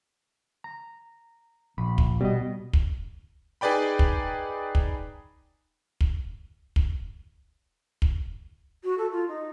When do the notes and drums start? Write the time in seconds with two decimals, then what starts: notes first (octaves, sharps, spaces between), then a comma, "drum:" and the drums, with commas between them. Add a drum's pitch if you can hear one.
0.64 A#5
1.78 A#1 B5
1.98 drum: kick
2.21 B2 G3 D#5
2.73 drum: kick
3.61 D#4 G#4 B4 D5 G5 B5
3.99 drum: kick
4.75 drum: kick
6.01 drum: kick
6.76 drum: kick
8.02 drum: kick
8.84 F#4
8.98 A4
9.12 F4
9.28 D#4